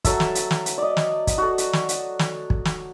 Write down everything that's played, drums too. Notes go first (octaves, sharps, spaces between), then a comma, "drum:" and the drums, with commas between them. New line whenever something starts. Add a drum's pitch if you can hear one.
F#3 A4 E5, drum: kick, hi-hat
drum: snare
drum: hi-hat
drum: snare
drum: hi-hat
D5 D#5
drum: snare
drum: kick, hi-hat
F#4 A4
drum: hi-hat
drum: snare
drum: hi-hat
drum: snare
drum: kick
drum: snare